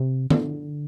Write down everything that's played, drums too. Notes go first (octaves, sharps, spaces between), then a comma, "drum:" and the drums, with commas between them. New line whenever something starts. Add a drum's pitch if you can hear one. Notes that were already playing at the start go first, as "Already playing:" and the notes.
Already playing: C3
D3, drum: tom D3